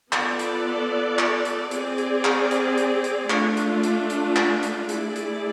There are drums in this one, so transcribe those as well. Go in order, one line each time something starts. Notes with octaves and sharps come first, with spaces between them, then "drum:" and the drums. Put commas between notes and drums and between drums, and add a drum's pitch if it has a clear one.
B3 F4 A4 D5, drum: clap
drum: hi-hat
drum: clap
drum: hi-hat
C4 G#4 D5, drum: hi-hat
drum: hi-hat
drum: clap
drum: hi-hat
drum: hi-hat
drum: hi-hat
A3 D4 F4, drum: clap
drum: hi-hat
drum: hi-hat
drum: hi-hat
drum: clap
drum: hi-hat
A3 E4 G#4 D5, drum: hi-hat
drum: hi-hat